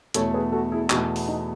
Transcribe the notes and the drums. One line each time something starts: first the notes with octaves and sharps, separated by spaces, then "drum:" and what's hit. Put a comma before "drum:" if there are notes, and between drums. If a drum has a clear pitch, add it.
E2 B2 A3 A4 C#5, drum: hi-hat
G#4 B4
F#4 A4
E4 G#4
E2 B2 A3 D#4 F#4, drum: clap
drum: open hi-hat
D#4